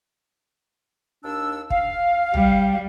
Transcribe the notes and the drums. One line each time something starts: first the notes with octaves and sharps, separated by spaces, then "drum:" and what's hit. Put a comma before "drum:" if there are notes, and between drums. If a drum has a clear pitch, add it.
D#2 D4 E6
F5, drum: kick
G3, drum: tom